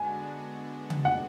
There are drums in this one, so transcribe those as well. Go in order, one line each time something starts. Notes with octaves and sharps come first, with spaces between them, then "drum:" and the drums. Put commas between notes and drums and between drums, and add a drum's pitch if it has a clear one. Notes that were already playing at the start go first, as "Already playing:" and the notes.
Already playing: D3 G#3 B3 D4 F#4 G#5
drum: tom C#3
F#5